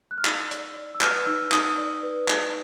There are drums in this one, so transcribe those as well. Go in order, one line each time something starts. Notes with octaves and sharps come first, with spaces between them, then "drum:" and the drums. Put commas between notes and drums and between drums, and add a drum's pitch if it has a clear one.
F#6
F6
D#4 E6, drum: clap
D5, drum: hi-hat
D5
E6
B4 F6, drum: clap
D#4 E6
D#4 D#6, drum: clap
D5
B4
D#4, drum: clap